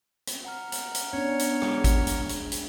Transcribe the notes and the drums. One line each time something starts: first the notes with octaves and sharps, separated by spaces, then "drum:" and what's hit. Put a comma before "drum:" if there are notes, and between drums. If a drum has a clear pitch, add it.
drum: hi-hat
F#5 A#5 F6
drum: hi-hat
drum: hi-hat
B3 C#4 D4 C#5
drum: hi-hat
G#3, drum: rim click
drum: kick G#1, hi-hat
drum: hi-hat
drum: hi-hat
drum: hi-hat